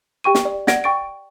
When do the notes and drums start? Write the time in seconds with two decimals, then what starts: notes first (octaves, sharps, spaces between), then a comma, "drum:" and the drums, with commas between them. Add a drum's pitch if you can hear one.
0.24 G4 G5 C#6 D#7
0.35 drum: snare
0.45 D5
0.67 D5 F#5 G#6 A#6 D7, drum: snare
0.84 G5 C#6 A6 D7